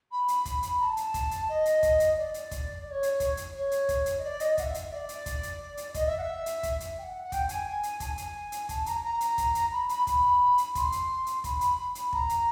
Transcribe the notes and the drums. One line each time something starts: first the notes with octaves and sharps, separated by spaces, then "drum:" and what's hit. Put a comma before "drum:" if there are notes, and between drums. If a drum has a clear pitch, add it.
B5
drum: hi-hat
drum: kick, hi-hat
drum: hi-hat
A#5
A5
drum: hi-hat
drum: kick, hi-hat
drum: hi-hat
D#5
drum: hi-hat
drum: kick, hi-hat
drum: hi-hat
D5
drum: hi-hat
drum: kick, hi-hat
D5
C#5
drum: hi-hat
drum: kick, hi-hat
drum: hi-hat
C#5
drum: hi-hat
drum: kick, hi-hat
drum: hi-hat
D#5
D5
D#5, drum: hi-hat
F#5, drum: kick, hi-hat
E5
drum: hi-hat
D5
drum: hi-hat
drum: kick, hi-hat
drum: hi-hat
drum: hi-hat
D#5, drum: kick, hi-hat
E5
F#5
E5
drum: hi-hat
drum: kick, hi-hat
drum: hi-hat
G5
F#5
F#5
G5, drum: kick, hi-hat
G#5, drum: hi-hat
G#5
drum: hi-hat
A5, drum: kick, hi-hat
G#5
drum: hi-hat
drum: hi-hat
A5, drum: kick, hi-hat
A#5, drum: hi-hat
A#5
drum: hi-hat
drum: kick, hi-hat
drum: hi-hat
B5
B5, drum: hi-hat
B5, drum: kick, hi-hat
drum: hi-hat
C6, drum: kick, hi-hat
drum: hi-hat
drum: hi-hat
B5, drum: kick, hi-hat
drum: hi-hat
drum: hi-hat
A#5, drum: kick
drum: hi-hat